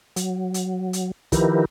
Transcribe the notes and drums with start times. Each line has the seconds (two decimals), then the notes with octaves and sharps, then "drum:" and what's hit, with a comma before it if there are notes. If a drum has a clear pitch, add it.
0.16 F#3, drum: hi-hat
0.54 drum: hi-hat
0.93 drum: hi-hat
1.32 D#3 F3 E4 G4 A#4 B4, drum: kick, hi-hat